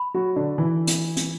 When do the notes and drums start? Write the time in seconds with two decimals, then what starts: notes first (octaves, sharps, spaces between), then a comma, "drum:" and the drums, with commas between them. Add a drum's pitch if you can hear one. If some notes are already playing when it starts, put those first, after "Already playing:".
Already playing: B5
0.14 F#3 F#4
0.36 D3 D4
0.58 E3 E4
0.87 drum: hi-hat
1.17 drum: hi-hat